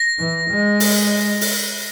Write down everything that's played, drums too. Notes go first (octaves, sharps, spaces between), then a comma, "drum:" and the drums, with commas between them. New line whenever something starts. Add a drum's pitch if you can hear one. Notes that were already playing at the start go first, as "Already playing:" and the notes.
Already playing: A#6
E3
G#3
drum: open hi-hat
drum: open hi-hat